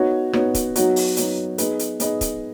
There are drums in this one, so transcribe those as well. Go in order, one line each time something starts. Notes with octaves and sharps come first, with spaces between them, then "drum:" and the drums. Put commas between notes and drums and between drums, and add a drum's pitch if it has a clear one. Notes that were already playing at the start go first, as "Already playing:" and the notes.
Already playing: B3 D#4 F#4 C#5
B3 D#4 F#4 C#5, drum: rim click
drum: kick, hi-hat
F#3 B3 D#4 F#4 C#5, drum: hi-hat
drum: open hi-hat
F#3 B3 D#4 F#4 C#5, drum: hi-hat
B3 D#4 G#4 B4 D#5, drum: hi-hat
drum: hi-hat
B3 D#4 G#4 B4 D#5, drum: hi-hat
drum: kick, hi-hat